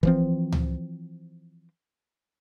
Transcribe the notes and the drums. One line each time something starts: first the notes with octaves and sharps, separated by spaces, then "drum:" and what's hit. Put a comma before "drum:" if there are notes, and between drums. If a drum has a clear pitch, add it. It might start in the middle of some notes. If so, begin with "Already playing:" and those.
E3 F3 C4, drum: kick
drum: tom C#2